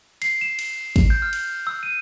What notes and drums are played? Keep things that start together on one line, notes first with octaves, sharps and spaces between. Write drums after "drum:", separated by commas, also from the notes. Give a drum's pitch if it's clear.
C7, drum: cymbal
E7
drum: cymbal
drum: kick, cymbal
G6
F6
drum: cymbal
E6
D#7